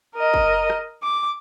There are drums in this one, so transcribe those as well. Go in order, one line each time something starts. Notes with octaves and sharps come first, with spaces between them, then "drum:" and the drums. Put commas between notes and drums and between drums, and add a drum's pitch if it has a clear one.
A#4 D#5
drum: kick
drum: rim click
D6